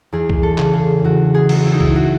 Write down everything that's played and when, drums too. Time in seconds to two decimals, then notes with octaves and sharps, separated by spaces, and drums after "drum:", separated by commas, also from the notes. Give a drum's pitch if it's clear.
0.12 E2 G#4
0.29 drum: kick C2
0.43 A4
0.58 C#3, drum: clap
0.74 G#4
1.04 E2 F#4
1.34 G#4
1.49 F#3, drum: cymbal
1.65 E4
1.73 D#4
1.80 E4, drum: kick C2
1.96 F#4